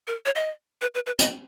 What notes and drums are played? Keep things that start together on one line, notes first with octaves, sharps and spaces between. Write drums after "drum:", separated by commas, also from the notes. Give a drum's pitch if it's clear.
A#4
C#5
D#5
B4
B4
B4
D#5, drum: hi-hat